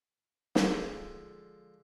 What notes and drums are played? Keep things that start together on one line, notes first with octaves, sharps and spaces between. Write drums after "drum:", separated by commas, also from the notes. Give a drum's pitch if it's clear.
D3 F3 G#3, drum: snare